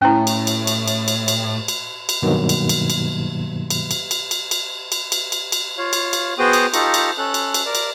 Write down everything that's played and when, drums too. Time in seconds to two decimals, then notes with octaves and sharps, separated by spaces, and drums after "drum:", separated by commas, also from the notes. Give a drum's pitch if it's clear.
0.02 A2 C#4 E4
0.27 drum: cymbal
0.47 drum: cymbal
0.67 drum: cymbal
0.88 drum: cymbal
1.08 drum: cymbal
1.28 drum: cymbal
1.68 drum: cymbal
2.09 drum: cymbal
2.22 G2 B2 D#3 F#3 A#3
2.49 drum: cymbal
2.69 drum: cymbal
2.90 drum: cymbal
3.70 drum: cymbal
3.91 drum: cymbal
4.11 drum: cymbal
4.31 drum: cymbal
4.51 drum: cymbal
4.92 drum: cymbal
5.12 drum: cymbal
5.32 drum: cymbal
5.52 drum: cymbal
5.78 F4 C#5 F5
5.93 drum: cymbal
6.13 drum: cymbal
6.39 B3 F#4 G#4 C5 G5 D#6
6.53 drum: cymbal
6.74 D#4 F4 G4 A4 A#5 C#6, drum: cymbal
6.94 drum: cymbal
7.18 C#4 A4 F#6
7.34 drum: cymbal
7.54 drum: cymbal
7.66 A#4 D5
7.75 drum: cymbal